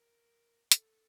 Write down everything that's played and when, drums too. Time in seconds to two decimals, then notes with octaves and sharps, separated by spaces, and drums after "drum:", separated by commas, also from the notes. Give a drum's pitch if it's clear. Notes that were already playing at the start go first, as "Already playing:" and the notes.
Already playing: A#4
0.72 A4, drum: hi-hat